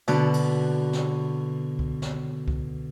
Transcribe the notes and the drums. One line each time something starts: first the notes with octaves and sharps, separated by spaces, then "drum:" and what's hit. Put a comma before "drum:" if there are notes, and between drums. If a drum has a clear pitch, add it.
B2 D3 B3, drum: cymbal
drum: cymbal
drum: snare
drum: kick C2
drum: snare
drum: kick C2